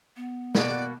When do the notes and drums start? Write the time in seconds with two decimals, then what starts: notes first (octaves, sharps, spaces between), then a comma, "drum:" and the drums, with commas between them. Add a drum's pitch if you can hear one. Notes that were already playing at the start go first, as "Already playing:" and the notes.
0.16 B3
0.55 B2 A#3 D5 F#5, drum: snare